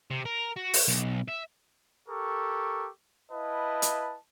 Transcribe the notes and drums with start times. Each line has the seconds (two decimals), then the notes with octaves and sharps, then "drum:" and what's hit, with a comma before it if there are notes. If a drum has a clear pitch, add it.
0.11 C3
0.25 A#4
0.56 F#4
0.74 drum: open hi-hat
0.88 B1
1.28 E5
2.09 G4 A4 A#4 C#6
3.32 E4 B4 D#5 F5 A5
3.82 drum: hi-hat